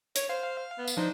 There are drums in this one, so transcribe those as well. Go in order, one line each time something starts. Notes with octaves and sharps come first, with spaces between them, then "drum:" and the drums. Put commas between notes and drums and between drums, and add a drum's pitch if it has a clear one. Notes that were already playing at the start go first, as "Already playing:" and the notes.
C#5, drum: hi-hat
C5 F5
B3
drum: tambourine
F3 D4 D#4 C5